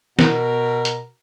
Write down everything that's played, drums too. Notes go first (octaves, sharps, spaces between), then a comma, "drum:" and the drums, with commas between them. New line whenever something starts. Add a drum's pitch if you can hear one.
B2 A#4, drum: snare
drum: hi-hat